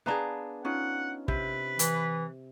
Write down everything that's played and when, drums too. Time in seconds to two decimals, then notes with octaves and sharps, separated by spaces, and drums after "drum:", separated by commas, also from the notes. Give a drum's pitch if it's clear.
0.06 B3 D4 G#4 B4 F5 A#5
0.65 C#4 D#4 F4 F#5
1.28 C3 B4, drum: kick
1.79 E3, drum: hi-hat